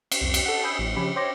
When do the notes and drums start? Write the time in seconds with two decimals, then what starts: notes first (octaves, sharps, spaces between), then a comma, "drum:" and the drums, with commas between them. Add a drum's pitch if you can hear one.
0.12 drum: cymbal
0.21 C2 F2
0.34 drum: cymbal
0.45 A4 F#5
0.63 G#5 B5 D#6 E6 G6
0.79 A1
0.96 C#3 F3 C#4 G4 B5
1.16 C5 C#5 G5 C6 D6 A#6